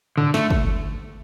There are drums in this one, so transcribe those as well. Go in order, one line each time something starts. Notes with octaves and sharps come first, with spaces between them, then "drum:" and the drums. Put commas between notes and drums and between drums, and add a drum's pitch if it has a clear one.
D3, drum: tom G2
A3, drum: snare
drum: kick